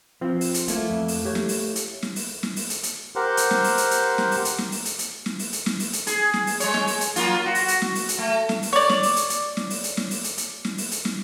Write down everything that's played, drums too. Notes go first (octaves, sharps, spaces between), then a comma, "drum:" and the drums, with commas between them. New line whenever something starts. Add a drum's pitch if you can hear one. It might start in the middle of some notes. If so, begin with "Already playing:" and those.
F3 C4
drum: open hi-hat
drum: hi-hat
A3 A#3 E4, drum: hi-hat
F2
drum: open hi-hat
G4 C#5
drum: snare
drum: open hi-hat
drum: hi-hat
drum: snare
drum: open hi-hat
drum: snare
drum: open hi-hat
drum: hi-hat
drum: hi-hat
G4 A#4 C5 F#5
drum: hi-hat
drum: snare
drum: open hi-hat
drum: hi-hat
drum: hi-hat
drum: snare
drum: open hi-hat
drum: hi-hat
drum: snare
drum: open hi-hat
drum: hi-hat
drum: hi-hat
drum: snare
drum: open hi-hat
drum: hi-hat
drum: snare
drum: open hi-hat
drum: hi-hat
G#4, drum: hi-hat
drum: snare
drum: open hi-hat
G#3 C#5, drum: hi-hat
drum: snare
drum: open hi-hat
drum: hi-hat
F#3 A#3 F4, drum: hi-hat
F#4
drum: open hi-hat
drum: hi-hat
drum: snare
drum: open hi-hat
drum: hi-hat
A3
drum: snare
drum: open hi-hat
C#5 D5
drum: snare
drum: open hi-hat
drum: hi-hat
drum: hi-hat
drum: snare
drum: open hi-hat
drum: hi-hat
drum: snare
drum: open hi-hat
drum: hi-hat
drum: hi-hat
drum: snare
drum: open hi-hat
drum: hi-hat
drum: snare